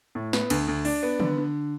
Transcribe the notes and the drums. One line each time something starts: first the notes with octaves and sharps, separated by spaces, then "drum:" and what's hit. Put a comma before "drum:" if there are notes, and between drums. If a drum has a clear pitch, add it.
A2
B3, drum: snare
D2, drum: cymbal
D2
D4, drum: open hi-hat
B3
D3, drum: tom
D3